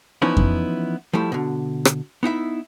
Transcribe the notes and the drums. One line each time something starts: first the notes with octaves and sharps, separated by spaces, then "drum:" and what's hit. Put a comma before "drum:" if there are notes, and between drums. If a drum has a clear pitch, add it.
E3 F3 B3 C#4 D#4 E4
drum: kick F2
F3 G3 A3 E4
B2 D3
drum: rim click
B3 D#4 E4 E5